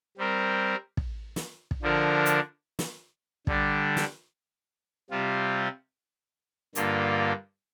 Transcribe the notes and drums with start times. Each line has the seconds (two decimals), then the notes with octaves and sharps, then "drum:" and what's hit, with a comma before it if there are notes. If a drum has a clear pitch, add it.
0.17 G3 C4 A#4
0.97 drum: kick
1.36 drum: snare
1.71 drum: kick
1.82 D3 F3 D4 A#4
2.26 drum: hi-hat
2.79 drum: snare
3.47 D3 G3 D4, drum: kick
3.97 drum: snare
5.10 C3 G3 C4 F4
6.75 G2 D3 A#3 F4, drum: hi-hat